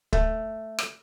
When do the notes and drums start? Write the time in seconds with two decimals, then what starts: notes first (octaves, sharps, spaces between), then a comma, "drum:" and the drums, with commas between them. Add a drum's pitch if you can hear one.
0.13 A3, drum: kick
0.79 drum: rim click